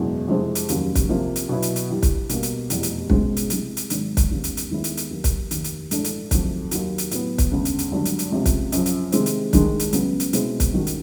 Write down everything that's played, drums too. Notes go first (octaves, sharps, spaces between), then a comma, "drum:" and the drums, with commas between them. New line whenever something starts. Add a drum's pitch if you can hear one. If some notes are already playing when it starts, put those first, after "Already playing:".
Already playing: F#1 E2 B2 G#3
F2 C3 E3 G#3 C4
drum: hi-hat
F1 D#2 C#3 F#3, drum: hi-hat
drum: kick, hi-hat
C3 F3 A#3
drum: hi-hat
B2 F#3 B3 E4
drum: hi-hat
drum: hi-hat
G2 E3 G3
drum: kick, hi-hat
B2 G3 A#3, drum: hi-hat
drum: hi-hat
F1 E2 B2 G3, drum: hi-hat
drum: hi-hat
C#2 B2 G#3 C4, drum: kick
drum: hi-hat
C3 E3 G#3, drum: hi-hat
drum: hi-hat
G#1 G#2 D#3 F#3, drum: hi-hat
drum: kick, hi-hat
E1 D#2 C#3
drum: hi-hat
drum: hi-hat
D#2 D#3 G#3 B3 E4
drum: hi-hat
drum: hi-hat
D#2 D#3 F#3
drum: kick, hi-hat
F1 D#2 D#3, drum: hi-hat
drum: hi-hat
A#1 G#2 E3 A3 D4, drum: hi-hat
drum: hi-hat
F2 C3 D#3 F#3 A3, drum: kick, hi-hat
D#2 D#3 F#3, drum: hi-hat
drum: hi-hat
A2 F#3 B3, drum: hi-hat
drum: kick, hi-hat
E1 D2 C#3
drum: hi-hat
drum: hi-hat
G#1 G2 D3 F#3
drum: hi-hat
drum: hi-hat
C#2 C3 F3
drum: kick, hi-hat
F#2 C#3 F3, drum: hi-hat
drum: hi-hat
C3 D#3 G#3 C4, drum: hi-hat
drum: hi-hat
G#1 G2 D#3 G#3, drum: kick, hi-hat
drum: hi-hat
C#2 C#3 F#3 B3, drum: hi-hat
drum: hi-hat
B2 G#3 C4 E4 G#4, drum: hi-hat
drum: kick, hi-hat
G2 D#3 G#3 C#4 F#4
drum: hi-hat